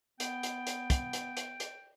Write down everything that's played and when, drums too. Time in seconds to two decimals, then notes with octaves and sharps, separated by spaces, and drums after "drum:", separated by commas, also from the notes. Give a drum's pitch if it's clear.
0.20 B3 G5, drum: hi-hat
0.43 drum: hi-hat
0.67 drum: hi-hat
0.90 drum: kick, hi-hat
1.13 drum: hi-hat
1.37 drum: hi-hat
1.60 drum: hi-hat